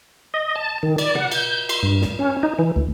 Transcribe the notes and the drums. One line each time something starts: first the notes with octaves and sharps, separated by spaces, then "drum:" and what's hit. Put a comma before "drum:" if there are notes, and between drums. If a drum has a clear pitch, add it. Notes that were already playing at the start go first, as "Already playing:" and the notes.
D#5
A5
D#3
D5, drum: cymbal
F#5, drum: tom B2
G6, drum: cymbal
C6, drum: cymbal
G2
drum: snare
C#4
D#4
E3
D2